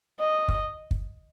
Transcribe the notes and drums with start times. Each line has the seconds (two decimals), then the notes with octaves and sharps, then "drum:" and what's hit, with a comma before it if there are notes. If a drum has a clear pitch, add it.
0.20 D#5
0.48 drum: kick
0.91 drum: kick